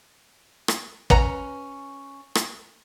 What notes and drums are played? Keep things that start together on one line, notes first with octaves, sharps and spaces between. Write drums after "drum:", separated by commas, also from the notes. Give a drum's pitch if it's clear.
drum: rim click
C#4 B4 F#5 A#5, drum: kick
drum: rim click